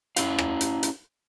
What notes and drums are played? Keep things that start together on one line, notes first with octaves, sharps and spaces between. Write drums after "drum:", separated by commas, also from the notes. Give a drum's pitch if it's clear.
C#4 E4 F5, drum: hi-hat
drum: rim click
drum: hi-hat
drum: hi-hat